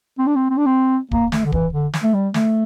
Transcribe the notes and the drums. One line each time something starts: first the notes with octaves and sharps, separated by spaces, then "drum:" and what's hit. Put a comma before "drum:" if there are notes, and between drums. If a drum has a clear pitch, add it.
C4
D4
C4
C4
D4
C4
A#3, drum: kick
A3, drum: snare
D3
E3, drum: kick
D3
drum: snare
A3
G3
A3, drum: snare